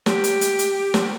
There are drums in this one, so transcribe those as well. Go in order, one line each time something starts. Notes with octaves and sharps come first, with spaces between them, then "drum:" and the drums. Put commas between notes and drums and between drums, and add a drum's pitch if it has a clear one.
G4, drum: snare
drum: hi-hat
drum: hi-hat
drum: hi-hat
drum: snare